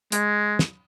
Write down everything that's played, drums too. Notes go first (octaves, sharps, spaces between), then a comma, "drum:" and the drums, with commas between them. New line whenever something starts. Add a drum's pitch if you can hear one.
G#3, drum: hi-hat
drum: snare